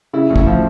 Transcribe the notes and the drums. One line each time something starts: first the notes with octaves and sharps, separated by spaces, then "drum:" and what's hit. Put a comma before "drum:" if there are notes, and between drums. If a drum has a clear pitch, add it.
C#3 E4
D2
E4, drum: kick
F3